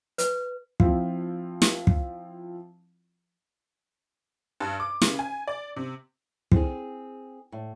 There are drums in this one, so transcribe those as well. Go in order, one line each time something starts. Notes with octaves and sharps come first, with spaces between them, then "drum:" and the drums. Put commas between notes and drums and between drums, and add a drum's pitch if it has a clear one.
B4, drum: hi-hat
F3 C4 E4 F4, drum: kick
drum: snare
drum: kick
G2
D6
C#3, drum: snare
G#5
D5
C3
C4 E4 G#4, drum: kick
A2